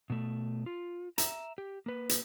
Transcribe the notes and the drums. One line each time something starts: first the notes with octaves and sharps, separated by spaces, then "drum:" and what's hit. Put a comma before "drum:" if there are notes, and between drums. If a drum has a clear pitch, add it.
B2 A3
F4
E5 A#5, drum: hi-hat
G4
A#3 B4
drum: hi-hat